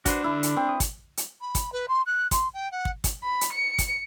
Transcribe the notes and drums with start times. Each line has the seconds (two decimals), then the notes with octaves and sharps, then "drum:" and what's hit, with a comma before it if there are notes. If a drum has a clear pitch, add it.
0.06 D4 F#4 B4 C5, drum: kick, hi-hat
0.24 D3 E4 E6
0.43 drum: hi-hat
0.57 C4
0.69 D#6
0.80 drum: kick, hi-hat
1.17 drum: hi-hat
1.41 B5
1.55 drum: kick, hi-hat
1.72 B4
1.88 C6
2.06 F#6
2.31 C6, drum: kick, hi-hat
2.54 G5
2.71 F#5
2.85 drum: kick
3.04 drum: kick, hi-hat
3.23 B5
3.41 drum: hi-hat
3.53 C#7
3.78 drum: kick, hi-hat